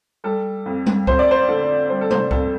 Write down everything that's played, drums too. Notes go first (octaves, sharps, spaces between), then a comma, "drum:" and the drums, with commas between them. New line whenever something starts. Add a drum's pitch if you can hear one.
G3 A4
F2
drum: tom G3
F2 C5, drum: kick C#2
D5
C5
D3 A4
G3 C5
A4
C5, drum: tom
F2 A4, drum: kick C#2